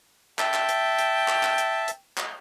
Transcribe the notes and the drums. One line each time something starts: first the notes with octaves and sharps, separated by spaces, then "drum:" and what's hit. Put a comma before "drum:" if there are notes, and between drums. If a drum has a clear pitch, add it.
E5 G5 A5, drum: clap
drum: clap
drum: hi-hat
drum: hi-hat
drum: clap
drum: clap
drum: hi-hat
drum: hi-hat
drum: clap